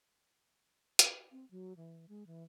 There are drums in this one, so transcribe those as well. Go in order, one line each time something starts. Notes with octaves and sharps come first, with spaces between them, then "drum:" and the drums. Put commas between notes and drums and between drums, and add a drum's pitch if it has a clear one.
drum: hi-hat
C4
F#3
E3
G#3
E3